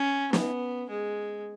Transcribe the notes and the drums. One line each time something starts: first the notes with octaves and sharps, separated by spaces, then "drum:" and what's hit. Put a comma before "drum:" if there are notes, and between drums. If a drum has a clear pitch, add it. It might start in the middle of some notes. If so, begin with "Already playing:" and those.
Already playing: C#4
B3, drum: snare
G#3